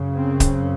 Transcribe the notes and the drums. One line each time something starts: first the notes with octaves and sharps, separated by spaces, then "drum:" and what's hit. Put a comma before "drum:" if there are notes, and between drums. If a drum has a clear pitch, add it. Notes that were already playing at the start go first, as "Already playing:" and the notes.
Already playing: F#2 C#3
C4
drum: kick, hi-hat